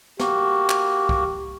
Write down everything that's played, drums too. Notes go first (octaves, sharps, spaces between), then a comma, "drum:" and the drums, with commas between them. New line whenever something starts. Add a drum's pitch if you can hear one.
A#3 F#4 G4, drum: snare
drum: clap
drum: kick